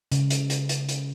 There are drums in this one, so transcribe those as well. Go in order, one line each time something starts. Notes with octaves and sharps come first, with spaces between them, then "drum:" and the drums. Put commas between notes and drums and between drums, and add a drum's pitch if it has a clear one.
C#3, drum: hi-hat
drum: hi-hat
drum: hi-hat
drum: hi-hat
drum: hi-hat